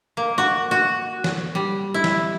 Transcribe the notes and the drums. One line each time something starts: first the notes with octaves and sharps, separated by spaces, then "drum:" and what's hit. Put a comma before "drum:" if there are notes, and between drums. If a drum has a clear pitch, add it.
A#3
F#4
F#4
drum: snare
G3
E4
drum: snare